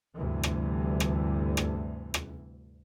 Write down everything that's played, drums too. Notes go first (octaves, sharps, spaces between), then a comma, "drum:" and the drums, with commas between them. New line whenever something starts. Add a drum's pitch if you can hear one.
D2 G2 C3 E3
drum: rim click
drum: rim click
drum: rim click
drum: rim click